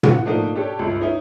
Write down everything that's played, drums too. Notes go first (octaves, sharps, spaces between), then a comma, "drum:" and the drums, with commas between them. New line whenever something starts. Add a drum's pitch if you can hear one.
F#5, drum: tom
F3 A3 A#3 D4 D#4
D4 G4 A4 C#5
G1 C#2
C#4 D#4 E4